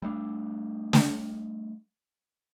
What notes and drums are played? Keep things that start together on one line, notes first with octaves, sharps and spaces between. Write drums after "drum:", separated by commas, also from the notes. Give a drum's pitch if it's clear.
G3 A3 B3 D4
drum: snare